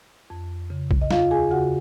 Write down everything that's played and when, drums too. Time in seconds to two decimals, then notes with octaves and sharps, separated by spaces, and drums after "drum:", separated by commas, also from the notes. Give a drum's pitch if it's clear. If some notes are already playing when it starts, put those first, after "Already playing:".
0.30 F2
0.70 C#3
0.91 drum: kick B1
1.01 D#5
1.11 D#2 F4 F5, drum: snare
1.31 G#4 G#5
1.51 C#3 F#4 F#5